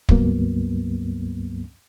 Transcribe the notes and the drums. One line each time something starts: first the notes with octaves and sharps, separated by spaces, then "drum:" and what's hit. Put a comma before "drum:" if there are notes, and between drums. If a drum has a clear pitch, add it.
C#2 G2 F#3 A#3 B3, drum: kick